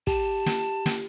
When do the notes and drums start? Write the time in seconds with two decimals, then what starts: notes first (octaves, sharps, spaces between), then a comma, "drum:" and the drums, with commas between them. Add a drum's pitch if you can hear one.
0.07 G4 A5, drum: kick
0.46 drum: snare
0.86 drum: snare